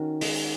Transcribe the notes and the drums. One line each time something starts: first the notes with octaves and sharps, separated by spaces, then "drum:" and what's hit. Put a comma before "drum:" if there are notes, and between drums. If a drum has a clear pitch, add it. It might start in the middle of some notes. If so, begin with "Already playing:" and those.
Already playing: D#3 C#4 F#4
G#3 D#4 A4, drum: open hi-hat